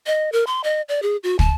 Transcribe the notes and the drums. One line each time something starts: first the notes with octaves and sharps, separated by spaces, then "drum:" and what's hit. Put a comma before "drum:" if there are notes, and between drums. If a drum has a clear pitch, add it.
D#5
A#4
C6
D#5
D5
G#4
F#4
A5, drum: kick